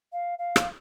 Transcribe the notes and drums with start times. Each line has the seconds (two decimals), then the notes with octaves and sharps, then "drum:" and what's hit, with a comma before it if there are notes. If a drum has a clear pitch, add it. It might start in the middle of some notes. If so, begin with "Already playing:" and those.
0.12 F5
0.39 F5
0.56 drum: rim click